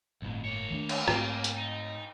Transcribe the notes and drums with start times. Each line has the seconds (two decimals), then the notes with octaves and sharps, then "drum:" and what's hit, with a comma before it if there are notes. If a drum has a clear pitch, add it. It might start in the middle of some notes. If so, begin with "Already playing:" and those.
0.22 G1 C2 F2 A2
0.45 A#3 C#5
0.71 D#3 A3 D4
0.89 drum: cymbal
1.08 G#2 A3 A#3 C4, drum: rim click
1.44 drum: hi-hat
1.57 D#4